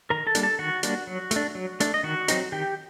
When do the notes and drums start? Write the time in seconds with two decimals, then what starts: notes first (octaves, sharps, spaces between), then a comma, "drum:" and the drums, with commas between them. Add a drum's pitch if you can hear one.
0.10 D#3 A#4 A#5
0.27 A4 A5
0.35 G3 A#3 D4, drum: hi-hat
0.43 A4 A5
0.59 D#3 F#4 F#5
0.83 G3 A#3 D4, drum: hi-hat
1.07 F#3
1.31 A3, drum: hi-hat
1.36 D4
1.55 F#3
1.80 A3 D4, drum: hi-hat
1.94 D#5
2.03 D#3 F#4 F#5
2.28 F#3 C4 D#4, drum: hi-hat
2.52 D#3 G4 G5